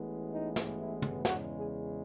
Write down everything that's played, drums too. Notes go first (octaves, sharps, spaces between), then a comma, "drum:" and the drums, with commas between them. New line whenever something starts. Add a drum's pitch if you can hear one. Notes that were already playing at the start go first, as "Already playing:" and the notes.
Already playing: A1 A2 E3 G#3 B3
D#4
drum: snare
E4
drum: tom
E2 C#3 G#3 F#4, drum: snare
G#4